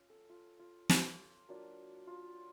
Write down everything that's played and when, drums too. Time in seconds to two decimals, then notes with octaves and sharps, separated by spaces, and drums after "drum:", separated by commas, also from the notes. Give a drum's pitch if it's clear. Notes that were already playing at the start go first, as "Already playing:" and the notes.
Already playing: C#4 F4
0.10 A4
0.30 F4
0.59 F4
0.89 F4, drum: snare
1.49 F#3 A#3 D4 F4
2.07 F4